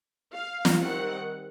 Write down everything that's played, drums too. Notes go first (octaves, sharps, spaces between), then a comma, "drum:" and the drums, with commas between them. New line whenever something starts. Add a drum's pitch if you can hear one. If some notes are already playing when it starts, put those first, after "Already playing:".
F5
drum: snare
D#3 G3 C4 F#5